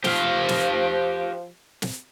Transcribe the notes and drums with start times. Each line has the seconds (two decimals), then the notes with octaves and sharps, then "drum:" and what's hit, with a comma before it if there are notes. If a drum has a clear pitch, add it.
0.04 F3 G4 F5, drum: snare
0.49 drum: snare
1.82 drum: snare